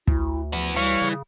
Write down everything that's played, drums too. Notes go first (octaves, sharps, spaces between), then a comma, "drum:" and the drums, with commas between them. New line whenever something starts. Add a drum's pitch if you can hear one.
D2 E4, drum: kick
F3 B3 E4
E3 G3 C#5 F5 C#6
C#3